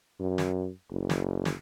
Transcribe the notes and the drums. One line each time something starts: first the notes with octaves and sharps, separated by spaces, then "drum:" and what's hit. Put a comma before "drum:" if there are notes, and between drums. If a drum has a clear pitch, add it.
F#2
drum: snare
F#1
drum: snare
drum: snare